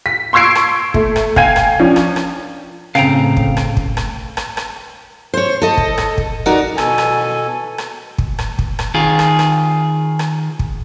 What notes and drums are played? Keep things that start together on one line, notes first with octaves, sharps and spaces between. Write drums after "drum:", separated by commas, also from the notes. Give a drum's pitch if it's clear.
B6
C6 C#6 E6 G#6 C7 D7
drum: rim click
A3, drum: kick
drum: rim click
F5 G5 G#5 G#6 D#7, drum: kick
drum: rim click
F3 C#4 D4
drum: rim click
drum: rim click
A2 C#3 C4 F5 G5 A#5, drum: rim click
drum: kick
drum: rim click
drum: kick
drum: rim click
drum: rim click
drum: rim click
C5 C#5
A4 D#5
drum: kick
drum: rim click
drum: kick
D#4 F#4 A#4 D5
B2 A4 G#5, drum: rim click
drum: rim click
drum: rim click
drum: kick
drum: rim click
drum: kick
drum: rim click
D#3 F4 G#4
drum: rim click
drum: rim click
drum: rim click
drum: kick